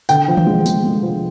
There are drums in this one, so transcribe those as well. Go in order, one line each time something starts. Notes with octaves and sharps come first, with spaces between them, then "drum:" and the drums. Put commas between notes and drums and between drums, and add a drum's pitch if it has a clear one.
D3 G5, drum: tambourine
F3
drum: tom D#3
G#3
G#3, drum: tambourine
G#3
F3